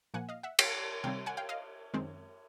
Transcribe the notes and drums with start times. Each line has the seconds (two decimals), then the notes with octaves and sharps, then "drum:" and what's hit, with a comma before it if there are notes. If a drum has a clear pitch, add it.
0.14 A#2 F3 A#3 F#5 G#5
0.29 D#5 F5
0.43 E5 F#5
0.59 F5 G5, drum: cymbal
1.04 C3 D#3 G3 C4 F5 G5
1.26 F#5 G#5
1.37 F5 G5
1.49 D#5 F5
1.94 F#2 D#3 G#3 C4